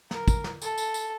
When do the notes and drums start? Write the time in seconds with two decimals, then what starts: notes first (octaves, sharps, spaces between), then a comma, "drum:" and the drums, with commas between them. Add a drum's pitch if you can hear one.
0.11 A#4, drum: snare
0.28 drum: kick, tambourine
0.44 drum: snare
0.62 A4, drum: tambourine
0.78 drum: tambourine
0.94 drum: tambourine